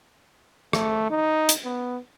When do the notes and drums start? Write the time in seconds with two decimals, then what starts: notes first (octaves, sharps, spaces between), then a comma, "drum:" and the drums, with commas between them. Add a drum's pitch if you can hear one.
0.73 A3, drum: rim click
1.10 D#4
1.49 drum: hi-hat
1.64 B3